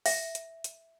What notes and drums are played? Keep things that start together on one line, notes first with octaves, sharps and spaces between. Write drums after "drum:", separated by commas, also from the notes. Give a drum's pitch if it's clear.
E5, drum: open hi-hat
drum: hi-hat
drum: hi-hat